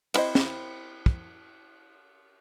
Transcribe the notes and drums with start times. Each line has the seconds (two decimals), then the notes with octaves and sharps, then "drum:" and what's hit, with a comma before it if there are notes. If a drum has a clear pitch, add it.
0.14 B3 C4 E4 C5 D#5, drum: cymbal
0.35 drum: snare
1.06 drum: kick